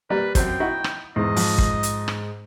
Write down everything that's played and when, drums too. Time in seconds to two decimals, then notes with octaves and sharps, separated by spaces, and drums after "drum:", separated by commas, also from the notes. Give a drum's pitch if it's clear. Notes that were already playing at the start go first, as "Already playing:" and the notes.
0.10 G3 A#3 B4 D5
0.35 F#2 C4 G5, drum: kick, hi-hat
0.60 D#4 E4 F#4
0.84 drum: rim click
1.16 E2 G#2 D#5
1.36 F2, drum: open hi-hat
1.58 drum: kick
1.83 drum: hi-hat
2.08 drum: rim click